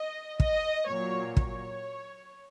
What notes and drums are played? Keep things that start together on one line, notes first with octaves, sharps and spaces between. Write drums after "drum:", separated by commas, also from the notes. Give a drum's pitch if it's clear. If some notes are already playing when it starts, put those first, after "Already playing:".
Already playing: D#5
D#5, drum: kick
A#2 F#3 C#5
C#5, drum: kick